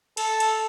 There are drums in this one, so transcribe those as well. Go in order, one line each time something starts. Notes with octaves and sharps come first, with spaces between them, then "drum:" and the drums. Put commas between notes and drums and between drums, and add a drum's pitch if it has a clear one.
A4, drum: cymbal
drum: cymbal